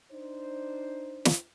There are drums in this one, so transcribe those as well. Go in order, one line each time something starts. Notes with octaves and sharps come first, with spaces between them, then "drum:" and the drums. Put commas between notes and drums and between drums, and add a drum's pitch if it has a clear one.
D4 D#4 C5
drum: snare